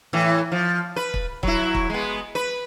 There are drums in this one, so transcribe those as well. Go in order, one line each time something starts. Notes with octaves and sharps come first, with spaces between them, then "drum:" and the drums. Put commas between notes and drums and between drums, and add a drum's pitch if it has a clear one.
A2 E3
F3
B4
drum: kick
F#3 E4, drum: kick
drum: kick
G#3 B3
B4